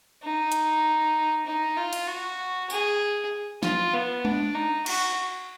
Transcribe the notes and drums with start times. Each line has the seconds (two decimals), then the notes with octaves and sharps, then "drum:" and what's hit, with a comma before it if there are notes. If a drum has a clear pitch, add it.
0.23 D#4
0.52 drum: hi-hat
1.46 D#4
1.77 F4
1.93 drum: cymbal
2.08 F#4
2.70 G#4, drum: tambourine
3.63 F4, drum: snare
3.94 B3
4.25 D4, drum: tom G#3
4.55 D#4
4.86 F#4, drum: cymbal